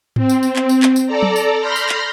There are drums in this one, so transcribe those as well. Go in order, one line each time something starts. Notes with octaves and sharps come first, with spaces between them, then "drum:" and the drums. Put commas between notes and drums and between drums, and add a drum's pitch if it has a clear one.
C4, drum: tom G#2
drum: tambourine
drum: tambourine
drum: clap
drum: tambourine
drum: clap
drum: tambourine
A4 D5 A#5
drum: tom F#3
drum: tambourine
B5 C6 F6 G6 A#6
drum: tambourine
drum: clap